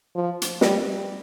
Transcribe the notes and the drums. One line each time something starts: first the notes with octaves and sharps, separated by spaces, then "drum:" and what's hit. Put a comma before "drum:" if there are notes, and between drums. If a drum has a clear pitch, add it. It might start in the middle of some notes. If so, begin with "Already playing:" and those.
F3
drum: hi-hat
G3, drum: snare